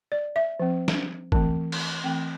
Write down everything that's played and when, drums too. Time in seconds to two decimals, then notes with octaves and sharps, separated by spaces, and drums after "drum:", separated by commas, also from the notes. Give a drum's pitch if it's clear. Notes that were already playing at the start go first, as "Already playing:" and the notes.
0.12 D5
0.36 E5
0.60 F3 C4
0.88 drum: snare
1.32 E3 A3 C4, drum: kick
1.72 drum: cymbal
2.04 E3 A3 C4 G5